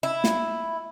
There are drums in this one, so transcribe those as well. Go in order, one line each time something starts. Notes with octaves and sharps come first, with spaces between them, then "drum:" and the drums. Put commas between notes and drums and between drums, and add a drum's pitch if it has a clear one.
E4
drum: snare